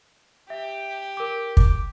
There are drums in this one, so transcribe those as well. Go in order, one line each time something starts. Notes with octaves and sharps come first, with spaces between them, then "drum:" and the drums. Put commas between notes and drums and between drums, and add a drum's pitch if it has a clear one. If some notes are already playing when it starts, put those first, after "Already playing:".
G4 E5
A#4 D6
D6, drum: kick